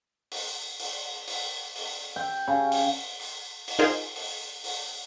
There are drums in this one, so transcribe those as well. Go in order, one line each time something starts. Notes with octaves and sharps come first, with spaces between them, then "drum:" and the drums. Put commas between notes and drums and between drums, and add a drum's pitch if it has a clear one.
drum: open hi-hat
drum: open hi-hat
drum: open hi-hat
drum: open hi-hat
G5
C#3
drum: open hi-hat
drum: open hi-hat
drum: open hi-hat
D#4 F4 G#4 A#4 C5
drum: open hi-hat
drum: open hi-hat